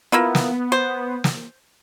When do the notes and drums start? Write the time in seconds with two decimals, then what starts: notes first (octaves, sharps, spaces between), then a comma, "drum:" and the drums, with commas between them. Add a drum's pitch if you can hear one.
0.12 A#3 B3 E4 F4
0.35 drum: snare
0.72 C5
1.24 drum: snare